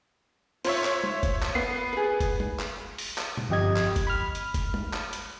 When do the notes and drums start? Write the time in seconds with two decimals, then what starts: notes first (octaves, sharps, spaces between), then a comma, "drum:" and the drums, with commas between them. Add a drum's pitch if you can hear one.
0.65 F4 C5 C#5 E5, drum: open hi-hat
0.84 drum: clap
1.04 drum: tom
1.23 drum: kick F#1, hi-hat
1.43 drum: clap
1.55 B3 C7
1.93 G#4 B4
2.20 drum: kick F#1, hi-hat
2.40 drum: tom
2.59 drum: clap
2.98 drum: open hi-hat
3.18 drum: clap
3.37 drum: tom A#2
3.49 G1 F2 G4 D#5 G#6
3.76 drum: clap
3.96 drum: kick F#1, hi-hat
4.07 B5 F6
4.35 drum: hi-hat
4.54 drum: kick F#1, hi-hat
4.74 drum: tom
4.93 drum: clap
5.13 drum: hi-hat